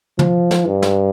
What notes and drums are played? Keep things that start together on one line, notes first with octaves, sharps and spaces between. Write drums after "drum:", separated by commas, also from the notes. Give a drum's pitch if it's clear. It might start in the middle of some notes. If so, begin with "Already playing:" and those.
F3, drum: tom
drum: snare
G2
drum: snare